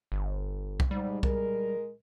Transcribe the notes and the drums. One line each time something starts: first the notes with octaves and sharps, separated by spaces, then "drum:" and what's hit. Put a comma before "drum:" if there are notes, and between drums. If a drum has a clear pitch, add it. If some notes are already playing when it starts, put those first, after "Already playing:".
G1
drum: kick C2
G#2 G3
G#3 G#4 A#4, drum: kick C2